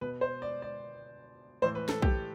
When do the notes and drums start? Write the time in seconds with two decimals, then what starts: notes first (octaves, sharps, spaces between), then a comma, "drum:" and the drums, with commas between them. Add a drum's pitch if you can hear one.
0.01 B2 B4
0.21 C5
0.42 D5
0.62 D5
1.62 A2 E3 C5
1.75 B4
1.89 A4, drum: snare
2.02 G4, drum: kick B1